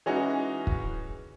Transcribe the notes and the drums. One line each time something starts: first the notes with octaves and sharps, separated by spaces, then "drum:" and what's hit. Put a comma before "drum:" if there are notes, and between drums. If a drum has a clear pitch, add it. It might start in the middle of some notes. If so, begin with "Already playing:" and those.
E3 G#3 C#4 D#4 F#4
drum: kick